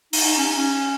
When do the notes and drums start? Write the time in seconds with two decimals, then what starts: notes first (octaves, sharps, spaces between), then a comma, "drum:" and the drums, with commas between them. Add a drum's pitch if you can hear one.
0.13 D#4, drum: open hi-hat
0.25 D#4
0.37 C#4
0.47 D#4
0.56 C#4